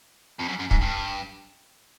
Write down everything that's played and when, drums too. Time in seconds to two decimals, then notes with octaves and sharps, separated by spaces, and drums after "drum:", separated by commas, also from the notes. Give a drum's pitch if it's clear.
0.39 F2
0.49 F#2
0.60 F#2
0.71 G#2, drum: kick
0.82 G2